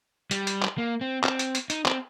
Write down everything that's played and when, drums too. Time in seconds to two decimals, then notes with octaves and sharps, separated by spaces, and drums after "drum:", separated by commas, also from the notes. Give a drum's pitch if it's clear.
0.31 G3, drum: hi-hat
0.47 drum: hi-hat
0.62 drum: clap
0.78 A#3
1.01 C4
1.24 C4, drum: clap
1.39 drum: hi-hat
1.55 drum: hi-hat
1.70 D#4, drum: hi-hat
1.86 C4, drum: clap